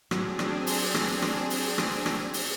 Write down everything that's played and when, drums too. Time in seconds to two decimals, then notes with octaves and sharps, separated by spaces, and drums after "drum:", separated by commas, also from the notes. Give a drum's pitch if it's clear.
0.11 F#3 C4 D4 G#4, drum: rim click
0.39 drum: rim click
0.67 drum: open hi-hat
0.95 drum: rim click
1.22 drum: rim click
1.50 drum: open hi-hat
1.78 drum: rim click
2.06 drum: rim click
2.34 drum: open hi-hat